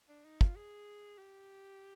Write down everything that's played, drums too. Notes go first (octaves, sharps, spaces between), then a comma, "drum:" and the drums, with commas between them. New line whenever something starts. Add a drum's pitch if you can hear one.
D4
D#4
F4, drum: kick
G#4
G4